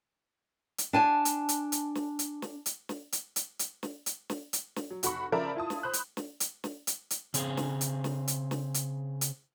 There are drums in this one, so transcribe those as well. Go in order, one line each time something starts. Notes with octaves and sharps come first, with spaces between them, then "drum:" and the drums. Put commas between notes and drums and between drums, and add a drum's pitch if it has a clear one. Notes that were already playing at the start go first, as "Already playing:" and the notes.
drum: hi-hat
D4 G#5 A5
drum: hi-hat
drum: hi-hat
drum: hi-hat
drum: snare
drum: hi-hat
drum: snare
drum: hi-hat
drum: snare
drum: hi-hat
drum: hi-hat
drum: hi-hat
drum: snare
drum: hi-hat
drum: snare
drum: hi-hat
drum: snare
F#3
F1 F#4 B5 C#6, drum: hi-hat
C#3 F3 A#4 D5 E5 B5
E4 F4 A5 D#6
drum: snare
C5 B5 F#6
drum: hi-hat
drum: snare
drum: hi-hat
drum: snare
drum: hi-hat
drum: hi-hat
C#3 C4 G#4, drum: hi-hat
drum: snare
drum: hi-hat
drum: snare
drum: hi-hat
drum: snare
drum: hi-hat
drum: hi-hat